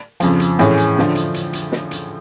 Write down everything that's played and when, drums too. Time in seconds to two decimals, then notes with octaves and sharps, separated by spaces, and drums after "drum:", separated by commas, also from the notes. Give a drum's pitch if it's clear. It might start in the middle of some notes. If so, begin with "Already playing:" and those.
0.20 F2 C#3 F3, drum: hi-hat
0.40 drum: hi-hat
0.59 A2 E3 G#3 C#4, drum: hi-hat
0.77 drum: hi-hat
0.98 D3 F3, drum: snare
1.15 drum: hi-hat
1.34 drum: hi-hat
1.53 drum: hi-hat
1.72 drum: snare
1.91 drum: hi-hat